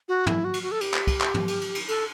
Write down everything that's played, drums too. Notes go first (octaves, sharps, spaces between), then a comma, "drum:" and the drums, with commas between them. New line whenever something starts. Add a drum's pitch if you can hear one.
F#4
E4, drum: tom
F#4
drum: cymbal
F#4
A4
G4, drum: cymbal
drum: clap
drum: kick, cymbal
drum: clap
drum: tom
drum: cymbal
drum: cymbal
drum: cymbal
A4, drum: cymbal